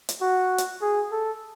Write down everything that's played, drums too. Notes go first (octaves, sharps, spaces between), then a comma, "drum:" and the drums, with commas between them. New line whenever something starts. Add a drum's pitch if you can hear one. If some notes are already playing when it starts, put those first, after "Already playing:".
drum: hi-hat
F#4
drum: hi-hat
G#4
A4